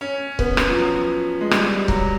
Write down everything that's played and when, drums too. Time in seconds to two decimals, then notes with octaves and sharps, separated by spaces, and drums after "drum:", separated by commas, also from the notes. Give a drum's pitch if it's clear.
0.01 C#4
0.39 B3, drum: kick C#1
0.57 drum: rim click
0.69 F3
0.76 F#3
1.41 G#3
1.51 G3, drum: rim click
1.88 F#3, drum: kick C#1